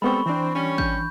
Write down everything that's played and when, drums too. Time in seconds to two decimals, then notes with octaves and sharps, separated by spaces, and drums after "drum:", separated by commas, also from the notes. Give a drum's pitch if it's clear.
0.02 G3 G#3 B3 C4 A4 B5 C#6
0.26 E3 C4 D4
0.56 G3 C#4
0.78 G6, drum: kick G#1